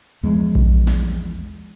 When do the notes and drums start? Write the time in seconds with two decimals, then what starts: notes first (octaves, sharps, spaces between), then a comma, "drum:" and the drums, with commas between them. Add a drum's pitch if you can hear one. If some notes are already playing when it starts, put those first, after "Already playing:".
0.23 E2 F3 G#3
0.55 drum: kick A#1
0.87 drum: snare